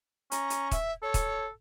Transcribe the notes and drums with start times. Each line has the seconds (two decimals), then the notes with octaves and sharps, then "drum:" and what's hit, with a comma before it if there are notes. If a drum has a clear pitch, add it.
0.32 C#4 A#5, drum: hi-hat
0.50 drum: hi-hat
0.71 E5, drum: kick, hi-hat
1.03 A4 C#5
1.14 drum: kick, hi-hat